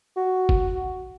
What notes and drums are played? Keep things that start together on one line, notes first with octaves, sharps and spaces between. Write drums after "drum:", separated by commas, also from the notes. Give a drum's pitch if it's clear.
F#4
drum: kick F#1